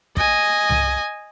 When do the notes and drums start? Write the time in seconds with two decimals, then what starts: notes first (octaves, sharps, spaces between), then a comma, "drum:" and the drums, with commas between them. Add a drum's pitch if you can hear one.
0.17 D#5 G#5, drum: kick
0.69 drum: tom C2